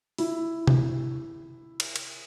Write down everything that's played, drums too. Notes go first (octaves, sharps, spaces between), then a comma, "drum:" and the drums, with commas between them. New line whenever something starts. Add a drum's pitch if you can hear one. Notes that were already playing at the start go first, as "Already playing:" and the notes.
E4, drum: open hi-hat
drum: tom C3
drum: cymbal
drum: cymbal